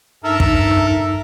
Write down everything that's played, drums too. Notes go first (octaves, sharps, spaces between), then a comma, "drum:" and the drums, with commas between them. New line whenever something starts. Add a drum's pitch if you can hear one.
G2 D#4 A4 A#4 E5
drum: kick